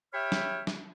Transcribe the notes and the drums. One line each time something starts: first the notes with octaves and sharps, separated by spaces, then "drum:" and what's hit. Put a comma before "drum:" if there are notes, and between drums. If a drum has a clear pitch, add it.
G4 C#5 E5 G5 B5 F6
drum: snare
drum: snare